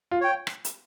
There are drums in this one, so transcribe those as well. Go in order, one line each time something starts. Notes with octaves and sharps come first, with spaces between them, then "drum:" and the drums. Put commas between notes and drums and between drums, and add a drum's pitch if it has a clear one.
F4
C#5 G5
drum: rim click
drum: hi-hat